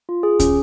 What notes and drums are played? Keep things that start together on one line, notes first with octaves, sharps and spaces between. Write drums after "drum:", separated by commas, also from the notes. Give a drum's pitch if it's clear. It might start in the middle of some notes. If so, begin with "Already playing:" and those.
F4
G#4
C#4, drum: kick D2, hi-hat